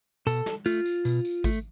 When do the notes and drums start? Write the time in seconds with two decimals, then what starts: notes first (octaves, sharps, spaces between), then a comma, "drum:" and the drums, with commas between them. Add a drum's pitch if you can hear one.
0.27 B2 A4, drum: tambourine
0.46 drum: snare
0.66 A3 F4, drum: tambourine
0.85 drum: tambourine
1.05 B2, drum: tambourine
1.25 drum: tambourine
1.44 A3, drum: kick G#1, tambourine